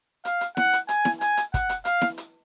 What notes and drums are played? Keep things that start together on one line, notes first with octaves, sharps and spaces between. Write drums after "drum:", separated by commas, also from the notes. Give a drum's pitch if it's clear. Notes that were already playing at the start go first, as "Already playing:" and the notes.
F5, drum: hi-hat
drum: hi-hat
F#5, drum: snare E4
drum: hi-hat
G#5, drum: hi-hat
drum: snare E4
G#5, drum: hi-hat
drum: hi-hat
F#5, drum: kick, hi-hat
drum: hi-hat
F5, drum: hi-hat
drum: snare E4
drum: hi-hat